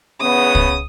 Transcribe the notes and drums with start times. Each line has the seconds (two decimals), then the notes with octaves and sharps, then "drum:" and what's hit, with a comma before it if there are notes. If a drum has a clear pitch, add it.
0.21 E2 C#3 B3 D#6
0.55 drum: kick